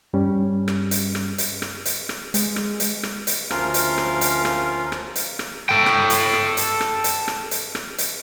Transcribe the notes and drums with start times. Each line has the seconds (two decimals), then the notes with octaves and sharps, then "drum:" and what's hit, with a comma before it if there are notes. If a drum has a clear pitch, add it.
0.14 G2 G3 C#4
0.68 drum: rim click
0.91 drum: hi-hat
1.15 drum: rim click
1.38 drum: hi-hat
1.62 drum: rim click
1.85 drum: hi-hat
2.09 drum: rim click
2.34 G#3, drum: hi-hat
2.56 drum: rim click
2.80 drum: hi-hat
3.03 drum: rim click
3.27 drum: hi-hat
3.50 D2 F3 C#4 F4 A#4 F5, drum: rim click
3.74 drum: hi-hat
3.98 drum: rim click
4.21 drum: hi-hat
4.45 drum: rim click
4.92 drum: rim click
5.16 drum: hi-hat
5.39 drum: rim click
5.69 A4 G5
5.86 drum: rim click
6.10 drum: hi-hat
6.33 drum: rim click
6.57 drum: hi-hat
6.81 drum: rim click
7.04 drum: hi-hat
7.28 drum: rim click
7.51 drum: hi-hat
7.75 drum: rim click
7.98 drum: hi-hat